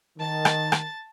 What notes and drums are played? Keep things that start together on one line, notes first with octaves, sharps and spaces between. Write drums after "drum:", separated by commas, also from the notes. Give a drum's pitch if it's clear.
D#3 A5 A6
drum: rim click
drum: rim click